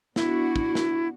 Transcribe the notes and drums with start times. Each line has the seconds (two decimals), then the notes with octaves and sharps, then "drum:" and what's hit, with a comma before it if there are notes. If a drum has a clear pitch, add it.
0.16 B3 D4 E4 F#4, drum: snare
0.56 drum: kick
0.75 drum: snare